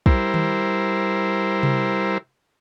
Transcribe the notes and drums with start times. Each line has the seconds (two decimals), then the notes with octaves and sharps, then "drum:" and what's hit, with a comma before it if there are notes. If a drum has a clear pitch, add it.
0.06 G3 E4 A#4 C5, drum: kick
0.34 drum: tom D#3
1.63 drum: tom C3